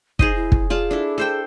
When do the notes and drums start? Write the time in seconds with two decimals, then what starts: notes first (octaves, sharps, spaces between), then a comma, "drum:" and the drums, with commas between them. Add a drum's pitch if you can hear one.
0.19 D#4 G#4 C5 D#5, drum: kick
0.36 E4
0.52 drum: kick
0.70 F4 G#4 D5 A5
0.91 D4 E4 A4
1.18 A4 C5 G5